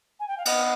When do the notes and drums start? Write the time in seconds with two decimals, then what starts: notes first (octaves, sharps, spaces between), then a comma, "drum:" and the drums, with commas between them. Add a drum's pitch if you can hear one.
0.19 G#5
0.27 G5
0.37 F5
0.45 B3 D#5, drum: cymbal